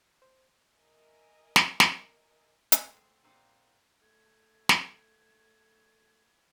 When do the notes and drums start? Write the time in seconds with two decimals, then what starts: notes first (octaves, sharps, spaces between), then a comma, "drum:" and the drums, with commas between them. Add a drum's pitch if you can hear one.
0.22 C5
0.74 A#4 D#5 E5 G#5
1.56 drum: snare
1.80 drum: snare
2.72 G#3 A3 C4 E4 F#4 G#4, drum: hi-hat
3.24 A#2 A#3 C4 D#4 F5 F#5
4.02 A3 G#6
4.69 drum: snare